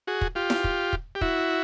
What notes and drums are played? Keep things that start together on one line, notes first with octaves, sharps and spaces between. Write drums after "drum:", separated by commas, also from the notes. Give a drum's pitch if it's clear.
F#4 G#4
drum: kick
F4 G4
drum: snare E4
drum: kick
drum: kick
G4
E4 F#4, drum: kick